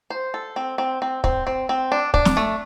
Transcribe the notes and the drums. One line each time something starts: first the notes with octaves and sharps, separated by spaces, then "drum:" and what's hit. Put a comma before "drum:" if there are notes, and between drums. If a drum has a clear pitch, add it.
C5
A4
C4
C4
C4
C4, drum: kick
C4
C4
D4
D4, drum: kick
drum: snare
A3